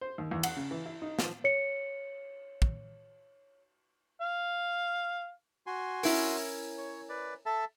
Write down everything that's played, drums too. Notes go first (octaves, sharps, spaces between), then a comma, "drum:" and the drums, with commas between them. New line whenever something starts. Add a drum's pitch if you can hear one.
C5
D#2
E2
F#5, drum: cymbal
C#3
E3
E4
D#4
F3, drum: snare
C#5 C#7
drum: kick
F5
F#4 G#5 C6
C#4 E4 A#4, drum: open hi-hat
C#5
B4 D5
A4 E5 A5